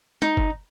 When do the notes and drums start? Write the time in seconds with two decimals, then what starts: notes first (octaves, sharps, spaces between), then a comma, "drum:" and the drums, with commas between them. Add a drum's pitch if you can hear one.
0.22 D#4, drum: tom
0.37 drum: kick